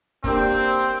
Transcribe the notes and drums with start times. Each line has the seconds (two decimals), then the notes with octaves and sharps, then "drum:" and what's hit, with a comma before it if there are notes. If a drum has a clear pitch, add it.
0.24 A#3 C4 D4 G4, drum: kick, hi-hat
0.51 drum: hi-hat
0.78 drum: hi-hat